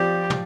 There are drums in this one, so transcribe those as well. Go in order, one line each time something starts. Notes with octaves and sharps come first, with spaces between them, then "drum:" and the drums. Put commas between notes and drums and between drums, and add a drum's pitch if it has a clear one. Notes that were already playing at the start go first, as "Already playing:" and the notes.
Already playing: F3 C4 G4 D5
drum: tom